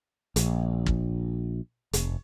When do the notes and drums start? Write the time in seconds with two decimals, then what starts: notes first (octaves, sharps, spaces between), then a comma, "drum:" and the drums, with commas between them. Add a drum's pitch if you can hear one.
0.36 A#1, drum: hi-hat
0.86 drum: kick
1.93 F1, drum: hi-hat